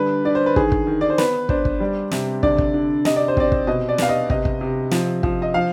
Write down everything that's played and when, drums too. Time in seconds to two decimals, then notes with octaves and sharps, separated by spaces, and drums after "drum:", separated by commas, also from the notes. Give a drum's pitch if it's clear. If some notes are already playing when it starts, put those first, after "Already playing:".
Already playing: D3 G3 B4
0.25 D3 D5
0.35 C5
0.46 B4
0.56 D#3 G#4, drum: kick
0.72 drum: kick
0.87 D#3
1.01 D5
1.10 C5
1.18 B3 B4, drum: snare
1.49 D4 C5, drum: kick
1.65 drum: kick
1.80 G3
2.11 C3, drum: snare
2.43 D3 D5, drum: kick
2.58 drum: kick
2.74 D3
3.05 C3 D#5, drum: snare
3.16 D5
3.28 C5
3.37 C4 D5, drum: kick
3.52 drum: kick
3.67 B2 D#5
3.89 D5
3.98 B3 F5, drum: snare
4.09 D#5
4.30 C3 D#5, drum: kick
4.45 drum: kick
4.61 C3
4.91 F3, drum: snare
5.23 F3, drum: kick
5.42 D#5
5.54 F3 F5